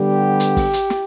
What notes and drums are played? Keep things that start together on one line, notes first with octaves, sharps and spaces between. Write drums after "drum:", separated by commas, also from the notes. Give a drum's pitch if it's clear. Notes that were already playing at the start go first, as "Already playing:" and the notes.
Already playing: D3 G3 B3 G4
drum: hi-hat
drum: kick, open hi-hat
drum: hi-hat
drum: snare